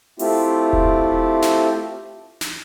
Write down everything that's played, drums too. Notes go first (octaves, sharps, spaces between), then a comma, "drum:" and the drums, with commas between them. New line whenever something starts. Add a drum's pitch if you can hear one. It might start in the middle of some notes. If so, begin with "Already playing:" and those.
A3 C4 E4 F4 G4, drum: open hi-hat
drum: kick E1
drum: snare
drum: snare